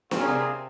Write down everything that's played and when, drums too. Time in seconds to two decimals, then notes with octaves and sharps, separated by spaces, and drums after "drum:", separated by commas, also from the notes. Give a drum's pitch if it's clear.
0.11 G3 A#3 C4 F4 G#4, drum: snare D4
0.20 C#4
0.28 C3 C4